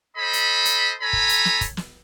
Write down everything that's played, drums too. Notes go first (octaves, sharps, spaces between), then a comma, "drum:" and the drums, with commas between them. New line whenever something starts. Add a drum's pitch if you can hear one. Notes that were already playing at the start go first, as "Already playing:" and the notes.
A4 C5 D#5 B5
drum: hi-hat
drum: hi-hat
A4 C#5 G#5 A#5 B5
drum: kick
drum: hi-hat
drum: snare
drum: kick, hi-hat
drum: snare